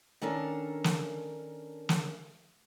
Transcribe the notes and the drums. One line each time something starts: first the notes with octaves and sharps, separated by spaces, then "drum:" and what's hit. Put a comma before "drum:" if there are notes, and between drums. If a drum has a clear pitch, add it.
D#3 C#4 D4 A4 A#4
drum: snare
drum: snare